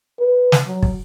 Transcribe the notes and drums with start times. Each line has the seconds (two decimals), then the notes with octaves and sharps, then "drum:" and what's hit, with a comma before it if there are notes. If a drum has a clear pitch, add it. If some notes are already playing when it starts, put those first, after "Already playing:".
0.20 B4
0.52 drum: snare
0.67 F#3
0.83 drum: kick